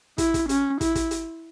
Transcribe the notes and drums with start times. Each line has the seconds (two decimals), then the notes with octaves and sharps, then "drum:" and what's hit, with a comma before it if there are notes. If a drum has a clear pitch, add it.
0.18 E4, drum: kick, hi-hat
0.34 drum: kick, hi-hat
0.49 C#4, drum: hi-hat
0.81 E4, drum: kick, hi-hat
0.95 drum: kick, hi-hat
1.11 drum: hi-hat